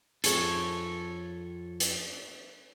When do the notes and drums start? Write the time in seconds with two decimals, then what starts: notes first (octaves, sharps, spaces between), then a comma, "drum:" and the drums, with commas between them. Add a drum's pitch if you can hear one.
0.24 F2 G#4 A4 C#5, drum: hi-hat
1.80 drum: hi-hat